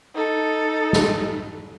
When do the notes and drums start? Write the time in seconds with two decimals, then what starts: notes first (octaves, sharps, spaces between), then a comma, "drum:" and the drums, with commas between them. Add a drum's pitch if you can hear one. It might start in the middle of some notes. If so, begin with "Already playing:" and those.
0.14 D#4 A4
0.93 drum: snare